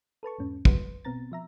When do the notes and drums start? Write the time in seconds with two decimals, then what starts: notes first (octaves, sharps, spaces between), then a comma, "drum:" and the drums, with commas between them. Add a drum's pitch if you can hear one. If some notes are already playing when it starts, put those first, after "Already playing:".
0.23 A4 B4 A5 C#6
0.38 E2 G#2 C#4
0.65 F2 F#3 F#4 B4 C6, drum: kick
1.05 B2 B3 C4 A#5 A6
1.32 F3 E5 A#5